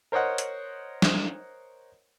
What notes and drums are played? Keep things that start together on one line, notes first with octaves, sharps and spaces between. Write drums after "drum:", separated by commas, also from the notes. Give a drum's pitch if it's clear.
A#4 C5 C#5 D#5 F#5
drum: hi-hat
drum: snare